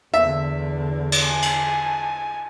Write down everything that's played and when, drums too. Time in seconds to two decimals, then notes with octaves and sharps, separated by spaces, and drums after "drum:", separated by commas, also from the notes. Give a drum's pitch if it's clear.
0.14 E2 D3 E5
1.12 drum: cymbal
1.25 G#5 A5
1.42 drum: cymbal